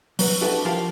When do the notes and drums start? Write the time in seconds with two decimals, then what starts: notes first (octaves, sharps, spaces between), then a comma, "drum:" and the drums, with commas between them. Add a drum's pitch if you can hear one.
0.19 F#3 B4, drum: open hi-hat
0.41 D4 F#4 G4 A4 B4 E5
0.65 F3 F4 G4 A#4 F5 A5